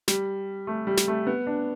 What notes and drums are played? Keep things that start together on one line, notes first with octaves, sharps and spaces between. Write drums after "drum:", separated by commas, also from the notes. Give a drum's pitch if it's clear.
G3, drum: snare
A3
G3
drum: snare
A3
B3
D4